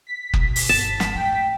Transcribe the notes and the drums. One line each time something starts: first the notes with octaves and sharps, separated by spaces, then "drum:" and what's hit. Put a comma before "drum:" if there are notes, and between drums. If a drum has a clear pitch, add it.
B6
B2 A#3, drum: kick F#1
drum: open hi-hat
G1 A5
drum: snare
A2 G5